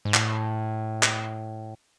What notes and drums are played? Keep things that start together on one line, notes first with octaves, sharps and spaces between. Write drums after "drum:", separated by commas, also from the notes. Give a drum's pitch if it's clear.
G#2
A2, drum: clap
drum: clap